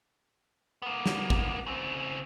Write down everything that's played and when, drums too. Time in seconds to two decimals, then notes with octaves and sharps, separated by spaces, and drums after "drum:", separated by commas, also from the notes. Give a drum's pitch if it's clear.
0.82 A#3 B3
1.06 drum: snare
1.30 drum: kick G#1
1.66 C#3 C4